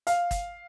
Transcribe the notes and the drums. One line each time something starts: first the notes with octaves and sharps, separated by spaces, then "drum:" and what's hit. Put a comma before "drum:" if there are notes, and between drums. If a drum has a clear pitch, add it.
F5, drum: hi-hat
drum: kick, hi-hat